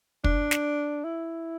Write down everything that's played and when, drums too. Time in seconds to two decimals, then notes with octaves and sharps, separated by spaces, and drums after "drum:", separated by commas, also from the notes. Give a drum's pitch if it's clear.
0.24 D4, drum: kick
0.51 drum: snare
1.04 E4